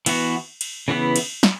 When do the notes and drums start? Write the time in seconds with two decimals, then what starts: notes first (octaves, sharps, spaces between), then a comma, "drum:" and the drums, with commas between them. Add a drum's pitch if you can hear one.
0.06 E3 B3 F#4, drum: cymbal
0.61 drum: cymbal
0.88 C#3 E3 B3 E4
1.16 drum: cymbal
1.43 drum: snare